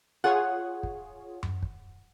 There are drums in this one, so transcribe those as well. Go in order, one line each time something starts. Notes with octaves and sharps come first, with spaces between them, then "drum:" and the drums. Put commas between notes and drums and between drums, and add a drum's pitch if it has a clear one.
F4 G#4 C#5 F#5
drum: kick
drum: tom F#2
drum: kick